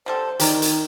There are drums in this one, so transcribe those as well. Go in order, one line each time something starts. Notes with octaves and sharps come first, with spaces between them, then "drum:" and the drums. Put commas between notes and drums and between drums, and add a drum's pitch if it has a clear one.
D3 G3 A4 C5
D#3 G4 A#4 D5, drum: hi-hat
drum: hi-hat